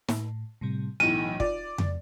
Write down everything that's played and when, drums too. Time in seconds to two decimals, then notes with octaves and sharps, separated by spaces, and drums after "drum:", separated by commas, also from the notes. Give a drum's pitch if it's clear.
0.08 A2, drum: snare
0.61 A2 C3 G3
1.00 B1 A2 E3 F#3 B3 D#7
1.40 F4 D5, drum: kick
1.78 drum: tom F2